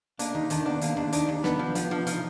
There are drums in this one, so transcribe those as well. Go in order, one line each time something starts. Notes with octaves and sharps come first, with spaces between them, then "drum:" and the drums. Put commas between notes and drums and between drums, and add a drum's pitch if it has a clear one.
A#3 D4, drum: hi-hat
D#2 D#4
D#3 D4, drum: hi-hat
B3 D4
D#2 A#3, drum: hi-hat
D#2 D4
D4 D#4, drum: hi-hat
D#2
B3 D4, drum: snare
F3
F3 B3, drum: hi-hat
F3 D4
F3 D#4, drum: hi-hat